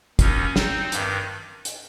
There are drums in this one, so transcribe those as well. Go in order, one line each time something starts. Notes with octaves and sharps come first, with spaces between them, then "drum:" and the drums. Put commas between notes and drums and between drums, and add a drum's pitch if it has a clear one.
D#2 D#3 C#4, drum: kick, hi-hat
C4 D#4, drum: snare
G2 D#3, drum: hi-hat
drum: hi-hat